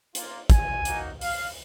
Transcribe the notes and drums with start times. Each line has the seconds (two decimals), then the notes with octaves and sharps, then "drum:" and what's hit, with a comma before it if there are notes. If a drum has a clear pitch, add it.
0.15 A#3 F4, drum: hi-hat
0.50 G#5, drum: kick, hi-hat
0.85 A#3 D#4 F#4, drum: hi-hat
1.21 F5, drum: open hi-hat